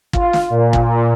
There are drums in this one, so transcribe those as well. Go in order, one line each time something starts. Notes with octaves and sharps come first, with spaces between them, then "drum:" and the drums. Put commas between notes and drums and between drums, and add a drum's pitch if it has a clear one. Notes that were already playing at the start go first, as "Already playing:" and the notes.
F4, drum: kick
drum: snare
A#2
drum: kick